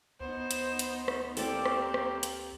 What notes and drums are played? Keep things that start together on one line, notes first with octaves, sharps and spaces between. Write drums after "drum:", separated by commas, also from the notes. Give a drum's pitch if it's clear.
D2 B3 D#4 C5
drum: hi-hat
drum: hi-hat
drum: rim click
A#3 C4 G4 A4 D5 D6, drum: open hi-hat
drum: rim click
drum: rim click
drum: hi-hat